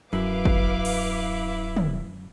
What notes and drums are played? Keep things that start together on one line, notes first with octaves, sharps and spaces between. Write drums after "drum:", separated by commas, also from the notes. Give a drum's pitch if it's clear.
D1 F#2 E4 B4 F5 D6
drum: kick
drum: cymbal
drum: tom